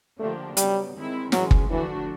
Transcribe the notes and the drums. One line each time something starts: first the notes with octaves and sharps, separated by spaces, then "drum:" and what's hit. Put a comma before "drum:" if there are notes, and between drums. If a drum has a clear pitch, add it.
D3 F3 A3 A#3 D4 G4
C#3 F#3 G3 B3, drum: hi-hat
D#3 G#3 C4 E4
A2 E3 F#3 G#3 C#4, drum: snare
drum: kick
D3 E3 F3 A3 D4 F#4